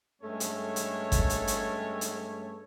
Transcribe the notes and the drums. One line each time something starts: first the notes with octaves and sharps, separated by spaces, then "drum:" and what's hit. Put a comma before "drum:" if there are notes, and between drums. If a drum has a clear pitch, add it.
G2 G#3 A3 C#4 A4 C#5
drum: hi-hat
drum: hi-hat
drum: kick G1, hi-hat
drum: hi-hat
drum: hi-hat
drum: hi-hat